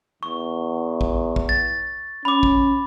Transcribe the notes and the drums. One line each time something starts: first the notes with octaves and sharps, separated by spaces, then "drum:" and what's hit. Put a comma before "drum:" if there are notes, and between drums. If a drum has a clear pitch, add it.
E2 C#6
drum: kick A1
drum: kick A1
A6
C#4 B5 D6
drum: kick A1